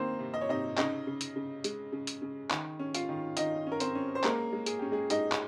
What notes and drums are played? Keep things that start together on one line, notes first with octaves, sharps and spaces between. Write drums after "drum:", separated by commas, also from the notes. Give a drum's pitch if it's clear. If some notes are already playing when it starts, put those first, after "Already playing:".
Already playing: D#3 A#3 C4 D#4 C5
C3
D#5
C#5
C3 D#4 D#5
C#3 D#4 D#5, drum: clap
C#3
drum: hi-hat
C#3
G#3, drum: hi-hat
C#3
drum: hi-hat
C#3
D#3, drum: clap
C#4
F4 F5, drum: hi-hat
D#3
D#3 D#4 D#5, drum: hi-hat
C#4 A#4
C4 C5, drum: hi-hat
C#4
C5
G#3 A#3 A#4, drum: clap
G#3
G#4, drum: hi-hat
C#4 G4
G#3 G#4
G#3 D#4 D#5, drum: hi-hat
drum: clap